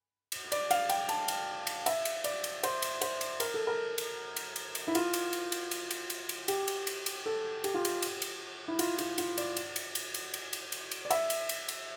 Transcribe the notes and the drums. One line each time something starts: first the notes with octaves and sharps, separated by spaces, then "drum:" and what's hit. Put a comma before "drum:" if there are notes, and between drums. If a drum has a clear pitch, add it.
drum: cymbal
D5, drum: cymbal
F5, drum: cymbal
G5, drum: cymbal
A5, drum: cymbal
drum: cymbal
drum: cymbal
E5, drum: cymbal
drum: cymbal
D5, drum: cymbal
drum: cymbal
C5, drum: cymbal
drum: cymbal
C5, drum: cymbal
drum: cymbal
A#4, drum: cymbal
A4
A#4
drum: cymbal
drum: cymbal
drum: cymbal
drum: cymbal
E4
F4, drum: cymbal
drum: cymbal
drum: cymbal
drum: cymbal
drum: cymbal
drum: cymbal
drum: cymbal
drum: cymbal
G4, drum: cymbal
drum: cymbal
drum: cymbal
drum: cymbal
A4
G4, drum: cymbal
F4
G4, drum: cymbal
drum: cymbal
drum: cymbal
E4
F4, drum: cymbal
F4, drum: cymbal
F4, drum: cymbal
D5, drum: cymbal
drum: cymbal
drum: cymbal
drum: cymbal
drum: cymbal
drum: cymbal
drum: cymbal
drum: cymbal
drum: cymbal
D5
E5, drum: cymbal
drum: cymbal
drum: cymbal
drum: cymbal